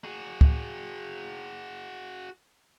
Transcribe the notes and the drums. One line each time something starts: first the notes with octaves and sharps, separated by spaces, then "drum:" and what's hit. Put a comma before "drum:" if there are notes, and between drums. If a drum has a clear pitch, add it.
F#4 G#4
drum: kick C#2